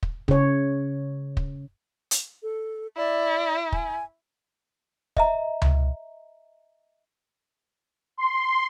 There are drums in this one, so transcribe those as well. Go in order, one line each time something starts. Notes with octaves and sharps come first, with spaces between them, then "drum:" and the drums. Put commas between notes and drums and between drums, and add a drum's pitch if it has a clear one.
drum: kick
C#3 C#5, drum: kick
drum: kick
drum: hi-hat
A4
E4 D5
G#5, drum: kick
D#5 E5 A#5, drum: kick
drum: tom C#2
C6